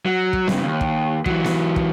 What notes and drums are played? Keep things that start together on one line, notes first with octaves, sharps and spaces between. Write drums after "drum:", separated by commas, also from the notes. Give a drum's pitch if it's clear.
F#3
drum: kick
G2 C#3, drum: snare B3
D#2
drum: kick
E3 F#3, drum: kick
drum: snare B3
drum: kick